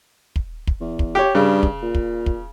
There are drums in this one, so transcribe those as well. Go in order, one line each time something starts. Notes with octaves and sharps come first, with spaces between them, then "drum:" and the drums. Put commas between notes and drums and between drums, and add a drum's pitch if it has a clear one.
drum: kick
drum: kick
E2
drum: kick
G4 C#5
G2 C#3
drum: kick
A#2
drum: kick
drum: kick